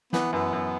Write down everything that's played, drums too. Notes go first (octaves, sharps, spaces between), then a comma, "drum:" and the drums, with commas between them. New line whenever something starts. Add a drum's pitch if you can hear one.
E3 B3, drum: snare
F#2 B3
F#2